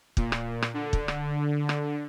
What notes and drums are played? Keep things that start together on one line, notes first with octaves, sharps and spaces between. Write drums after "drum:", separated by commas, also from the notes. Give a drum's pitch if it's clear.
A#2, drum: kick
drum: rim click
drum: rim click
D3
drum: kick
drum: rim click
drum: rim click